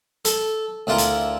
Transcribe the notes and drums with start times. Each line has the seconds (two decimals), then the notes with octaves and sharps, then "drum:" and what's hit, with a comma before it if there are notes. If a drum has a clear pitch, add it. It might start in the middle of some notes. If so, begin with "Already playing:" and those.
0.25 A4, drum: hi-hat
0.87 D2 D4 E4 F4 A#4
0.98 drum: hi-hat